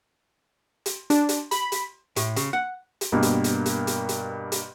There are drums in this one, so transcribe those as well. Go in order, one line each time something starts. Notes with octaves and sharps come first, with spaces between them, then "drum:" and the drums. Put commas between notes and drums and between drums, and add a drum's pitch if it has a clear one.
drum: hi-hat
D4, drum: hi-hat
drum: hi-hat
B5, drum: hi-hat
drum: hi-hat
A2, drum: hi-hat
C#3, drum: hi-hat
F#5
drum: hi-hat
G2 B2 A#3
drum: hi-hat
drum: hi-hat
drum: hi-hat
drum: hi-hat
drum: hi-hat
drum: hi-hat